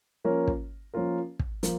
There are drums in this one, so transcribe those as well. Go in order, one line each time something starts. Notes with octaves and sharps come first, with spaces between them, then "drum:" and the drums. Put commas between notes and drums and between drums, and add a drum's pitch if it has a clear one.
F3 A#3 C#4 F4 A#4
drum: kick
F3 A#3 C#4 F4 A#4
drum: kick
F3 A#3, drum: hi-hat